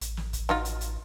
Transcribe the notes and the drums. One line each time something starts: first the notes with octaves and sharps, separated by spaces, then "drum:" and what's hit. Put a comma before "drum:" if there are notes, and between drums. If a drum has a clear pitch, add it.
A1, drum: hi-hat
drum: snare
drum: kick, hi-hat
F#3 D#4 F4, drum: snare
drum: hi-hat
drum: hi-hat